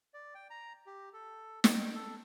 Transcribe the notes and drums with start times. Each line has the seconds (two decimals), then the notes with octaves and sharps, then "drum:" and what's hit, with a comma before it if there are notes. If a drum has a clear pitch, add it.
0.14 D5
0.35 G5
0.50 A#5
0.87 G4
1.13 A4
1.64 G5, drum: snare
1.95 A4